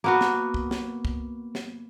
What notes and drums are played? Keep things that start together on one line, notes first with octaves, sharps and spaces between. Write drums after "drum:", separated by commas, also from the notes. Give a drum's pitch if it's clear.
A#3 B3 F#4
drum: snare
drum: kick C2
drum: snare
drum: kick C2
drum: snare